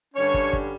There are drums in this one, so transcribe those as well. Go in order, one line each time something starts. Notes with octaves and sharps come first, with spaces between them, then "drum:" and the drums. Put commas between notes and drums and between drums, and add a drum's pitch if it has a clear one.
G2 D3 G3 C#4 C#5
drum: kick
drum: kick